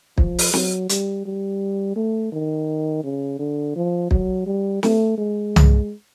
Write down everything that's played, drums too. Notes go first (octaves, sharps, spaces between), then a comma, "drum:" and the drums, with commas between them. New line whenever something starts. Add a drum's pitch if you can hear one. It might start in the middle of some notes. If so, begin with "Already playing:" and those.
F3, drum: kick
drum: open hi-hat
F#3, drum: snare
G3, drum: hi-hat
G3
A3
D#3
C#3
D3
F3
F#3, drum: kick
G3
A3, drum: snare
G#3
drum: tom C2